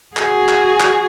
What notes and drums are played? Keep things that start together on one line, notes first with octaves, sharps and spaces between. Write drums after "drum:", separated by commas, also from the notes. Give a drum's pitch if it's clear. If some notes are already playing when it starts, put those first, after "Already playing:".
F#4 G#4, drum: clap
drum: clap
drum: clap